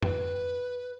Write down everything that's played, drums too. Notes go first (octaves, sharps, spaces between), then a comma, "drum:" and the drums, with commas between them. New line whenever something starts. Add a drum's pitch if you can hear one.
B4, drum: tom F2